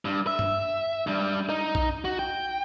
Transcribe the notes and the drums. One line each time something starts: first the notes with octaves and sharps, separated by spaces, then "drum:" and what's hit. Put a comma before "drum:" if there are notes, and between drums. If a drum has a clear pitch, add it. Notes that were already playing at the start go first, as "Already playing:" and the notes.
G2
E5
drum: tom G2
G2 G3
D#4
drum: kick A#1
F#4
G5